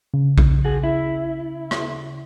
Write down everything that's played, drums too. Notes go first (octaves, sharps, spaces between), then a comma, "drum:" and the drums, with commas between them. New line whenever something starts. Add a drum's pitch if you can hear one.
C#3
drum: kick A#1
F#4 G#4
E4
drum: rim click